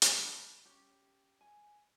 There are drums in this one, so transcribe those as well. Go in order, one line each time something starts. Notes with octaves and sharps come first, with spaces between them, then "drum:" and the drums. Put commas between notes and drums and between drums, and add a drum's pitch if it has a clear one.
A5 B5, drum: hi-hat
C#4 G4
G#5